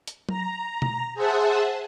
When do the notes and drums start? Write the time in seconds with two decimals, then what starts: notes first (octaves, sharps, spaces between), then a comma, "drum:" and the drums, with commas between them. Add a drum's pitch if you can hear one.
0.07 drum: hi-hat
0.29 A#5, drum: tom F#3
0.82 drum: tom B2
1.14 G#4 C5 E5 F#5 A5